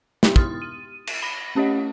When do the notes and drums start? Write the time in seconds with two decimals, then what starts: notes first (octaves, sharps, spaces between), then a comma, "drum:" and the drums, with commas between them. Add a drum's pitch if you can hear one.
0.23 G#3 B3 D#4 E4 G4, drum: snare
0.36 C6 D#6 F6 A6, drum: kick
0.62 D#7
1.07 drum: cymbal
1.22 B5 A#6
1.55 A3 C#4 G4 C#5 D#5 F#5